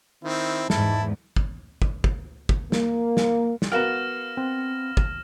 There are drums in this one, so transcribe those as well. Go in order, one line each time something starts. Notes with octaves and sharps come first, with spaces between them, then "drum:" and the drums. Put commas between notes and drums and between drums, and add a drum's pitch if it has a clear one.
D#3 C4 E4
E2 G#2 E4 A5, drum: snare
drum: kick
drum: kick
drum: kick
drum: kick
A#3, drum: snare
drum: snare
drum: snare
B3 F#4 A#4 F5 G5 F6 A#6 E7
C4
drum: kick